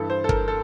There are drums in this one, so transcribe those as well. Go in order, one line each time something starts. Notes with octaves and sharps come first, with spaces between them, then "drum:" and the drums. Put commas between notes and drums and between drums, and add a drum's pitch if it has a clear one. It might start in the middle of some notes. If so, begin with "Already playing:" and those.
Already playing: G2 E3 A4
C5
A4
A#4, drum: kick
A4